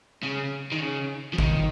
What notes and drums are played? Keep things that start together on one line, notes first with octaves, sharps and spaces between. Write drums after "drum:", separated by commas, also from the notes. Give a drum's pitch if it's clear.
C#3
D#3
C#3
F3
D#3, drum: kick G1